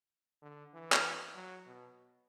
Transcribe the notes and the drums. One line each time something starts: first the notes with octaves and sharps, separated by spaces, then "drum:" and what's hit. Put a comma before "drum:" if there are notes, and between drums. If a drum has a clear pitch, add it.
D3
E3
drum: clap
F#3
B2